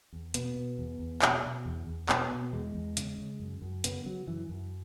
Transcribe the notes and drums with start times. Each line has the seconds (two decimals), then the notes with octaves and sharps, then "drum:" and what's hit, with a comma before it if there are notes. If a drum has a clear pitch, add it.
0.13 E2
0.34 B2 B3, drum: hi-hat
0.56 B2
0.78 E2
0.99 E2
1.22 B2, drum: clap
1.43 B2
1.65 E2
1.87 E2
2.09 B2 B3, drum: clap
2.31 B2
2.52 E2 G#3
2.74 E2
2.97 C#3, drum: hi-hat
3.18 C#3
3.40 F#2
3.62 F#2
3.84 C#3 B3, drum: hi-hat
4.05 C#3 F#3
4.27 F#2 E3
4.49 F#2